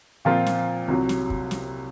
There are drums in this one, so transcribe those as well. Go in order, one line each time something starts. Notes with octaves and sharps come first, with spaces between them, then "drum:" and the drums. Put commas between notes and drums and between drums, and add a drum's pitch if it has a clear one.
A#2 F3 C4 F4 A#4
drum: snare
C2 C3 F#3
drum: snare
drum: kick
drum: snare